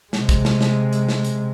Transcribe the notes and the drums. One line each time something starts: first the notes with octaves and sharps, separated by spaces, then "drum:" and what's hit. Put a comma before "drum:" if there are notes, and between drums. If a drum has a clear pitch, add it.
C3 G#3, drum: snare
drum: kick, hi-hat
drum: snare
drum: snare
drum: hi-hat
drum: snare
drum: hi-hat